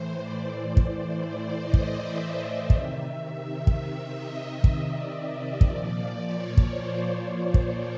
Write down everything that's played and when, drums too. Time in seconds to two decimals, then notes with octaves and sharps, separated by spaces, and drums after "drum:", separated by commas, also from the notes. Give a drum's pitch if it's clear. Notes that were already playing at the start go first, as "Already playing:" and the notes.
Already playing: A2 E3 C5
0.16 D5
0.53 D5
0.77 drum: kick
1.25 D5
1.61 D#5
1.74 drum: kick
1.98 E5
2.34 D#5
2.70 C3 D#3 E5, drum: kick
3.67 drum: kick
4.15 D#5
4.64 drum: kick
4.88 D5
5.24 D#5
5.61 A#2 F3 D5, drum: kick
6.33 C#5
6.57 drum: kick
6.69 C5
7.06 C5
7.42 C5
7.54 drum: kick